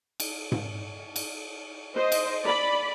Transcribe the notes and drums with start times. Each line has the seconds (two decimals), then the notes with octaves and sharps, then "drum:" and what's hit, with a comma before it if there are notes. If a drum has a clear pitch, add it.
0.20 drum: cymbal
0.52 drum: tom G#2
1.16 drum: cymbal
1.96 C5 D#5
2.12 drum: cymbal
2.44 D5 B5